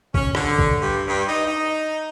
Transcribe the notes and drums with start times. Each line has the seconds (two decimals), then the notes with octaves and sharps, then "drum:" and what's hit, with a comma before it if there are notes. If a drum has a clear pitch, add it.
0.14 C#4, drum: kick
0.35 D3, drum: rim click
0.59 drum: kick
0.80 G2
1.07 G2
1.26 D#4
1.46 D#4